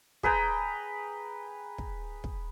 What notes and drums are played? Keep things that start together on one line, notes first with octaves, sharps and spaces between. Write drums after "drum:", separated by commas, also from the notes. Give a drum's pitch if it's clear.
G#4 B4 G5 A#5, drum: kick
drum: kick
drum: kick